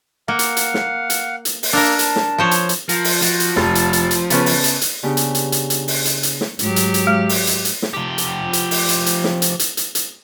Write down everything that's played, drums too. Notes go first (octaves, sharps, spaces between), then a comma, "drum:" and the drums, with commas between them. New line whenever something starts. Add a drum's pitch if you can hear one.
A#3 F5 F#5
drum: hi-hat
drum: hi-hat
drum: snare
drum: hi-hat
drum: hi-hat
drum: open hi-hat
A#3 D4 A#4 E6 F6
A5, drum: hi-hat
drum: snare
F3 C5 C#5
drum: hi-hat
drum: hi-hat
F3 A#4, drum: hi-hat
drum: open hi-hat
F3 F#4, drum: hi-hat
drum: hi-hat
F1 A5, drum: snare
drum: hi-hat
drum: hi-hat
drum: hi-hat
C#3 B3 C#4 A5, drum: hi-hat
drum: open hi-hat
drum: hi-hat
drum: hi-hat
C#3 B3 D4 G4
drum: hi-hat
drum: hi-hat
drum: hi-hat
drum: hi-hat
drum: open hi-hat
drum: hi-hat
drum: hi-hat
drum: snare
G#2 F#3 G4, drum: hi-hat
drum: hi-hat
drum: hi-hat
G#3
drum: open hi-hat
drum: hi-hat
drum: hi-hat
drum: snare
F3 G4
drum: hi-hat
drum: hi-hat
drum: open hi-hat
drum: hi-hat
drum: hi-hat
drum: snare
drum: hi-hat
drum: hi-hat
drum: hi-hat
drum: hi-hat